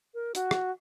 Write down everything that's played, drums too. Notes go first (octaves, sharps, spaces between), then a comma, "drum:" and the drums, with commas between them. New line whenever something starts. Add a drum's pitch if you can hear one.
A#4
F#4, drum: hi-hat
drum: rim click